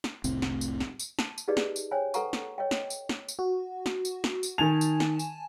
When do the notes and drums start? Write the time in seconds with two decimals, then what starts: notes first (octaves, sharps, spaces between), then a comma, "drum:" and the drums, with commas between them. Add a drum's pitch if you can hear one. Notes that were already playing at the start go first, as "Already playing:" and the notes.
0.04 drum: snare
0.24 F1 C2 A2 C4, drum: tambourine
0.42 drum: snare
0.61 drum: tambourine
0.80 drum: snare
0.99 drum: tambourine
1.19 A5, drum: snare
1.38 drum: tambourine
1.48 D#4 G4 G#4 B4 D5 D#5
1.57 drum: snare
1.76 drum: tambourine
1.91 C5 C#5 G5 G#5
2.14 A4 B4 F#5 A#5 C#6, drum: tambourine
2.33 drum: snare
2.58 C#5 D#5 G5
2.71 drum: snare
2.90 drum: tambourine
3.09 drum: snare
3.28 drum: tambourine
3.39 F#4
3.86 drum: snare
4.05 drum: tambourine
4.24 drum: snare
4.43 drum: tambourine
4.58 D#3 G#5 A5 F7
4.81 drum: tambourine
5.00 drum: snare
5.19 drum: tambourine